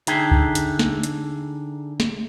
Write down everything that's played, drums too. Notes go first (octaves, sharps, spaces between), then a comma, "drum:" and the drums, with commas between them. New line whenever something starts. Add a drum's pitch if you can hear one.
D3 D#4 G#4 A4 E5 G5, drum: hi-hat
drum: kick D2
drum: hi-hat
drum: snare
drum: hi-hat
drum: snare